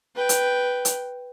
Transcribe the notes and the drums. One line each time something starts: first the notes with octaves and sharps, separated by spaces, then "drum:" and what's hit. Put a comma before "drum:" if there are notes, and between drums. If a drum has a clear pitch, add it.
B4 G5
drum: hi-hat
drum: hi-hat